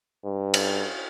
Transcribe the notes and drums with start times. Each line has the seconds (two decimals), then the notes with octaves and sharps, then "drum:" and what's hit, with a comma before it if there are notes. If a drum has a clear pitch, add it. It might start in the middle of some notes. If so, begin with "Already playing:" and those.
0.25 G2
0.54 drum: cymbal